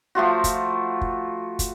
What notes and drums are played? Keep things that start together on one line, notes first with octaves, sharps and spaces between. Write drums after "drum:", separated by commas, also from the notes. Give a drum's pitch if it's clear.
F3 A3 F4 F#4
drum: kick, hi-hat
drum: kick
drum: kick, hi-hat